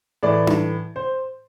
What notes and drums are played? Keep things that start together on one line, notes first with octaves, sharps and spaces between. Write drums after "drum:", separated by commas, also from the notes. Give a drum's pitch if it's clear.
A2 E3 D5
drum: tom D4
C5